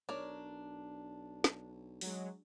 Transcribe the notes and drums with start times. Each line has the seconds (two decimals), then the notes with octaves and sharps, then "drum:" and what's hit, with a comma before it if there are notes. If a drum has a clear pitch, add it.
0.09 B1 D4 A#4 C#5 D5
1.44 drum: snare
2.01 F#3 G#3, drum: open hi-hat